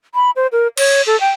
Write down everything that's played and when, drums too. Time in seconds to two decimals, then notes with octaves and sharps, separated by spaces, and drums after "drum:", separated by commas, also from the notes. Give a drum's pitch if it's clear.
0.15 B5
0.36 C5
0.52 A#4
0.77 C#5, drum: cymbal
1.06 A4
1.20 G5